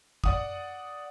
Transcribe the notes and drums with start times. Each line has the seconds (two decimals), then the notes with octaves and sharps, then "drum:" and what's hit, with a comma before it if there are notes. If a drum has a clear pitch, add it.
0.24 D5 F#5 D#6, drum: kick